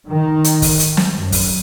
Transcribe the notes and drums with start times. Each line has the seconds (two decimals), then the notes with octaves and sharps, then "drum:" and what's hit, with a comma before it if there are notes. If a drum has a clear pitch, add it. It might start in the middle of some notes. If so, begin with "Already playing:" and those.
0.09 D#3
0.44 drum: hi-hat
0.62 drum: kick, open hi-hat
0.80 drum: hi-hat
0.97 drum: snare
1.15 F#2
1.32 drum: kick, open hi-hat